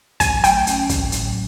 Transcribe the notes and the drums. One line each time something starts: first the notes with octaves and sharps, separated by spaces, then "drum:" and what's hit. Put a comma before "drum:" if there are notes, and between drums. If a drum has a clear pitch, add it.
F#3 G#5, drum: kick, hi-hat
A3 G5, drum: hi-hat
C#4, drum: hi-hat
A2, drum: kick, hi-hat
F#3, drum: hi-hat